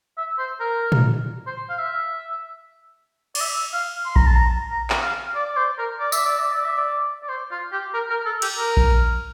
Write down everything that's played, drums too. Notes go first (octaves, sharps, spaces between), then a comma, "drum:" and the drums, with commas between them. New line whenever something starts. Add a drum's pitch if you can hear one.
E5
C5
A#4
drum: tom
C5
F5
E5
D5, drum: cymbal
E5
F5
C6
A#5, drum: kick A#1
A5
A#5
A#5
drum: clap
F5
D5
D5
C5
A#4
D5
E5, drum: tambourine
D5
E5
D5
E5
D5
D5
C5
F4
G4
A#4
A#4
A4
G4, drum: cymbal
A#4
drum: kick A#1